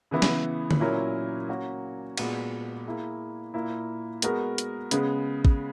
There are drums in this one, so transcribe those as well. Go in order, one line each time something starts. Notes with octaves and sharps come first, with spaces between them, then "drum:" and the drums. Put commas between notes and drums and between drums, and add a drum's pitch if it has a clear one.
C#3 E3 B3 E4
drum: snare
drum: tom
A#2 F#3 C#4 E4 A#4
A#3 C#4 F#4
A#2 G#3 B3 F#4, drum: cymbal
A#3 E4 G#4
A#2 A#3 E4
G#3 B3 F#4 A#4, drum: hi-hat
drum: hi-hat
C#3 G#3 B3, drum: hi-hat
drum: kick